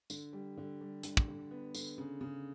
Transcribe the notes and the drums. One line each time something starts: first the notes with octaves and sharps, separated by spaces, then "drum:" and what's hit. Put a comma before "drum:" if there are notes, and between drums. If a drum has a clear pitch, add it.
D3, drum: tambourine
G3
D3
G3
D3, drum: hi-hat
drum: kick
D3
B3
D3, drum: tambourine
C#3
C#3